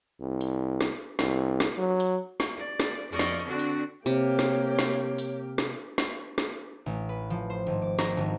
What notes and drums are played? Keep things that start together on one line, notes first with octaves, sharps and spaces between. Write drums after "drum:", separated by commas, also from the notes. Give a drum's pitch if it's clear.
C2
drum: hi-hat
drum: snare
C2, drum: snare
drum: snare
F#3
drum: hi-hat
drum: snare
D5
drum: snare
F2 F3 D5 D#5 C#6 F6
drum: snare
D3 C4 D4 F#4
drum: hi-hat
C3 A#3 G4 C#5
drum: snare
drum: snare
drum: hi-hat
drum: snare
drum: snare
drum: snare
A1
B4
F3
C5
G#1
D6
A#5, drum: snare
G#1